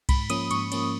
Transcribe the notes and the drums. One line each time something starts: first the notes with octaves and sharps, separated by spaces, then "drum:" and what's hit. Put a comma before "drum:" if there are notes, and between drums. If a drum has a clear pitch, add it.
G#2 B5, drum: kick C2, cymbal
F3 A#3 C#4 D#6, drum: cymbal
G#2 C#6, drum: cymbal
F3 A#3 C#4, drum: cymbal